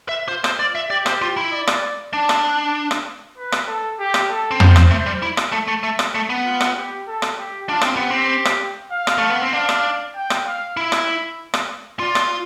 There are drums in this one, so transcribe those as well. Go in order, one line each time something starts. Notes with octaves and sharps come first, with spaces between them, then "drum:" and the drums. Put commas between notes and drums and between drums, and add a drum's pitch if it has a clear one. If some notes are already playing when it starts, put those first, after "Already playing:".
E5
F4 C5
C5, drum: rim click
D5
E5
G4 D5
C5, drum: rim click
F4
E4
D5
drum: rim click
D4 D5
drum: rim click
drum: rim click
B4
drum: rim click
A4
G4
drum: rim click
A4
C4
B3 C5, drum: tom
B3
C4, drum: rim click
A3 C5
G3
E4
drum: rim click
A3
A3
A3
drum: rim click
A3
B3
F4
drum: rim click
G4
A4
drum: rim click
G4
D4 F4
C4, drum: rim click
B3 G4
C4
drum: rim click
F5
drum: rim click
A3
B3
C4
D4 F5
drum: rim click
G5
drum: rim click
F5
E4 E5
drum: rim click
drum: rim click
F4 D5
drum: rim click